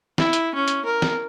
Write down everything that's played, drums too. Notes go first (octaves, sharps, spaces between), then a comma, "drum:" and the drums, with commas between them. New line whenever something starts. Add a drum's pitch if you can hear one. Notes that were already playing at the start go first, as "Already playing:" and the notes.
E4, drum: snare
drum: hi-hat
C#4
drum: hi-hat
A#4
drum: snare